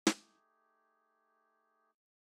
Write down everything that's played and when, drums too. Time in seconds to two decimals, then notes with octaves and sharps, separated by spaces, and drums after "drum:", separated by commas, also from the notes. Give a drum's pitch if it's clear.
0.07 A3 D#4 G4 G#4, drum: snare